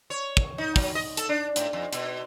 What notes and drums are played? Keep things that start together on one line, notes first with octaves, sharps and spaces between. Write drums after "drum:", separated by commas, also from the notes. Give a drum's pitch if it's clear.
C#5
drum: kick
D#4
F#3, drum: kick, open hi-hat
D#5
A4, drum: hi-hat
D4
A2, drum: hi-hat
F2
B2, drum: hi-hat